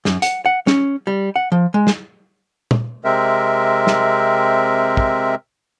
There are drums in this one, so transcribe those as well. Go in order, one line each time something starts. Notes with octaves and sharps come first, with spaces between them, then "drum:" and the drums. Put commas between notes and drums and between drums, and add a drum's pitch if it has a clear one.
F#2, drum: snare
F#5, drum: hi-hat
F#5
C#4, drum: snare
G3
F#5
F3
G#3
drum: snare
drum: tom
C3 G#3 C4 A#4 E5
drum: snare
drum: kick